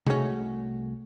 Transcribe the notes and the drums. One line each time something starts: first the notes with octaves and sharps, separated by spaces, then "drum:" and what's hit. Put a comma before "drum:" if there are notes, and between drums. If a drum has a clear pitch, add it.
C2 G#3 A3 C#4 F#4, drum: tom C3